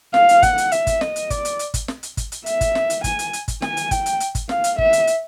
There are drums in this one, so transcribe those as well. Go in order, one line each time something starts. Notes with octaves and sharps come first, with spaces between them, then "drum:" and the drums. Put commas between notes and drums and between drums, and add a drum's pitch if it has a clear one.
F5, drum: snare
drum: hi-hat
F#5, drum: kick, hi-hat
drum: hi-hat
E5, drum: hi-hat
drum: kick, hi-hat
D#5, drum: snare
drum: hi-hat
D5, drum: kick, hi-hat
drum: hi-hat
drum: hi-hat
drum: kick, hi-hat
drum: snare
drum: hi-hat
drum: kick, hi-hat
drum: hi-hat
E5, drum: hi-hat
drum: kick, hi-hat
drum: snare
drum: hi-hat
G#5, drum: kick, hi-hat
drum: hi-hat
drum: hi-hat
drum: kick, hi-hat
G#5, drum: snare
drum: hi-hat
G5, drum: kick, hi-hat
drum: hi-hat
drum: hi-hat
drum: kick, hi-hat
F5, drum: snare
drum: hi-hat
E5, drum: kick
drum: hi-hat
drum: hi-hat